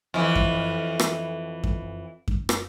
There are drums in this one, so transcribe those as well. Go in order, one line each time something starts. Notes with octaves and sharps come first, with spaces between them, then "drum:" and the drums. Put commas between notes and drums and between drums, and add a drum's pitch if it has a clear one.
F2 E3
drum: kick F#2
drum: rim click
drum: kick F#2
drum: kick F#2
drum: rim click